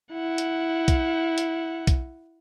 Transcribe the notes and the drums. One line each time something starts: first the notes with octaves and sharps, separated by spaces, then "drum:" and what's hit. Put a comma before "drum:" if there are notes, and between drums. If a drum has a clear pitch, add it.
E4 F#5
drum: hi-hat
drum: kick B1, hi-hat
drum: hi-hat
drum: kick B1, hi-hat